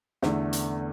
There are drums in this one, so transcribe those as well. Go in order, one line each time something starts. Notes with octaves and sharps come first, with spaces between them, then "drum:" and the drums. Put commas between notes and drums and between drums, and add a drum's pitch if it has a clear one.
E2 D3 A3, drum: snare
drum: hi-hat